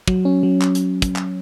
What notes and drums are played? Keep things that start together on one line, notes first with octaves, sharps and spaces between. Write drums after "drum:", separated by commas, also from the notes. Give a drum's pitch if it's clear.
F#3, drum: kick
C#4
F#3
drum: clap
drum: hi-hat
drum: kick, hi-hat
drum: clap